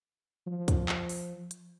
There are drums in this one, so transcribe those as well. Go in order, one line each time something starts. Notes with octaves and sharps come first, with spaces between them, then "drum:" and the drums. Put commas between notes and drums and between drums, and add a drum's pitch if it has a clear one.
F3
drum: kick, hi-hat
drum: clap
drum: open hi-hat
drum: hi-hat